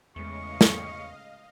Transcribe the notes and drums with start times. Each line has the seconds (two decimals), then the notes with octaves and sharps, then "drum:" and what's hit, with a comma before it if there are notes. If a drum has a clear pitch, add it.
0.16 E2 A2 C#3 G#3 D#5 F5 C#6
0.61 drum: snare